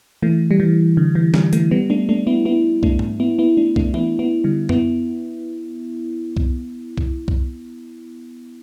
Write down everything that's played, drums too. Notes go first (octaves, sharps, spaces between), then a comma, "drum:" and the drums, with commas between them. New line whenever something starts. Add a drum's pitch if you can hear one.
E3 A3
G3
E3
D3
E3
D3 G3, drum: snare
E3 A3, drum: hi-hat
G3 B3
A3 D4
A3 D4
B3 E4
B3 E4
A3 D4, drum: kick C2
drum: tom G#2
B3 E4
B3 E4
A3 D4
A3 D4, drum: kick C2
B3 E4, drum: tom E3
B3 E4
D3 G3
B3 E4, drum: tom F2
drum: kick C2
drum: kick C2
drum: kick C2